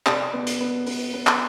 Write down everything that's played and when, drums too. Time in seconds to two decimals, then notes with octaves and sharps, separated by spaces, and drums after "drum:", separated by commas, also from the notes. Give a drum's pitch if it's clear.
0.06 C3 D5, drum: clap
0.33 B3
0.47 drum: hi-hat
0.60 B3
0.86 B3, drum: open hi-hat
1.13 B3
1.27 drum: clap